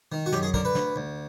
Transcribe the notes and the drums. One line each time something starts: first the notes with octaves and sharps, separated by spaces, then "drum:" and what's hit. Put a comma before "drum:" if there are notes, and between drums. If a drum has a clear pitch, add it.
D#3
F#4
F#2 G4, drum: snare
G#4
D3 A#4, drum: kick
B4
D2, drum: snare
D2